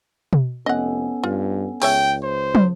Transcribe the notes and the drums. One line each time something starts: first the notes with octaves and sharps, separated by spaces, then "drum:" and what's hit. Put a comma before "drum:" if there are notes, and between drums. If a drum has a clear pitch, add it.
drum: tom B2
F1 B3 C#4 A4 D#5 F#5
G2 F4
C#2 G#4 C#5 E5 G5, drum: open hi-hat
C5
drum: tom